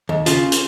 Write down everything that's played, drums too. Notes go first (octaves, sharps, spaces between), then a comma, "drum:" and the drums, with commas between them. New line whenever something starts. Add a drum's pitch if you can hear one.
D#2
C#3 F4, drum: hi-hat
drum: hi-hat